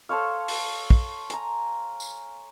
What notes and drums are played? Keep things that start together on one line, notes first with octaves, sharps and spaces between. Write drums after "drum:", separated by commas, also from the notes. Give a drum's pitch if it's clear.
A4 C5 C#5 F5
drum: open hi-hat
drum: kick
G#5 A#5, drum: hi-hat
drum: tambourine